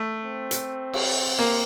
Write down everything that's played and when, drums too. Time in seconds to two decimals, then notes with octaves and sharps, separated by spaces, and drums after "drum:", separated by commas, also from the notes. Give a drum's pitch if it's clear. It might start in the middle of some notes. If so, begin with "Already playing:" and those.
Already playing: A3
0.24 C4
0.51 drum: hi-hat
0.93 drum: cymbal
1.39 A#3